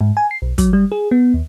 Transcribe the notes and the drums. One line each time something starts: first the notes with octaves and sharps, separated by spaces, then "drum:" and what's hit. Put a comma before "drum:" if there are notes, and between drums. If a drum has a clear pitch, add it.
G#2
G#5
C7
B1
F#3, drum: kick, hi-hat
G3
G#4
B3
D#2